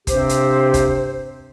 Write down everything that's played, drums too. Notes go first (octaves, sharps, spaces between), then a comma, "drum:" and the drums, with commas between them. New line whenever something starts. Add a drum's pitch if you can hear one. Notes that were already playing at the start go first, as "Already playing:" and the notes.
G2 C3 C4 G4 C5, drum: kick, hi-hat
drum: hi-hat
drum: kick, hi-hat